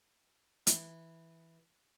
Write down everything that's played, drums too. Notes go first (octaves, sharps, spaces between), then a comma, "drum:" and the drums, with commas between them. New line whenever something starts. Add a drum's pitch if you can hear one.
E3, drum: hi-hat